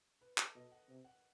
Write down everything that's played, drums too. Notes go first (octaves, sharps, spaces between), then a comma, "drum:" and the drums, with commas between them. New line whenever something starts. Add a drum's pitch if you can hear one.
B4
A4, drum: clap
B2 D#5
F#5
C3
F#5